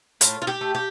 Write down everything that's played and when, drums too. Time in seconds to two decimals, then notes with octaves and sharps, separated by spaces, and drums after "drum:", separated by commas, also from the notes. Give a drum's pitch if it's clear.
0.21 A2 F4, drum: hi-hat
0.42 F4
0.47 G4
0.61 A3
0.75 G4